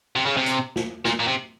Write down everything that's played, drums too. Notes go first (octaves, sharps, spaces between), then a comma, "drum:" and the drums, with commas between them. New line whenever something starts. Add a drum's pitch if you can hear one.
C3
C#3
C3
drum: hi-hat
drum: snare
A#2, drum: snare
A#2
C3